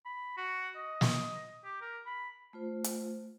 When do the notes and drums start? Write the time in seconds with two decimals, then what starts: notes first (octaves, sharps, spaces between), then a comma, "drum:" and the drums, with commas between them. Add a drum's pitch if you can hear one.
0.05 B5
0.37 F#4
0.76 D#5
1.01 drum: snare
1.64 G4
1.81 A#4
2.06 B5
2.53 A3 F4 C5
2.84 drum: hi-hat